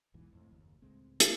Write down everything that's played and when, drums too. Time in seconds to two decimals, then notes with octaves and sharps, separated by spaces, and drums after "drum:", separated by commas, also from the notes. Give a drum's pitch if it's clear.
0.14 B1 E2 G#2 E3
0.33 F2 A2
0.51 F#1 D#2
0.82 C#2 A2 G#3 C4
1.20 drum: hi-hat